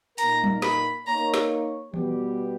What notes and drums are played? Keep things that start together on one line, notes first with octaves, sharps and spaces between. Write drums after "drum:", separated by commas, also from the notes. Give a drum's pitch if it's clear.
A#2 A#3 D#4 A#4 A#5, drum: hi-hat
drum: tom F#3
B5, drum: snare
A#3 D#4 A#4 C#5 A#5
drum: snare
B2 G3 B3 G4, drum: tom E3